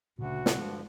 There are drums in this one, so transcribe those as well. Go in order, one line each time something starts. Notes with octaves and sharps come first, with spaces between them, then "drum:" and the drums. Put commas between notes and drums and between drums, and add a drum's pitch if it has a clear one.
D2 A#2 C#3 F#4
drum: snare
G2 D3 F3 G#3